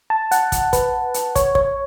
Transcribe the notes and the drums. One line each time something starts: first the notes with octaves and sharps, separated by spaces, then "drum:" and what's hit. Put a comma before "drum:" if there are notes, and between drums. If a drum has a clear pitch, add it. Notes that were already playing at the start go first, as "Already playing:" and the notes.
A5
F#5, drum: hi-hat
drum: kick, hi-hat
B4, drum: kick, hi-hat
drum: hi-hat
C#5, drum: kick, hi-hat
C#5, drum: kick